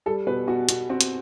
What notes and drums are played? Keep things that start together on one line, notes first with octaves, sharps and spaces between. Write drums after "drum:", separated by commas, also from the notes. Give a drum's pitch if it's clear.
G3 A4
B2 B4
B2 F#4
B2 F#4, drum: hi-hat
C4 F#4
drum: hi-hat